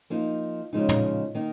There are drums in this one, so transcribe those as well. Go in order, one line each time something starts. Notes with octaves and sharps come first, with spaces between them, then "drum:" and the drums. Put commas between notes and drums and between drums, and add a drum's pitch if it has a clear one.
F3 A#3 D#4
C#3 F3 G#3 D#4
drum: tom
D#3 A#3 D#4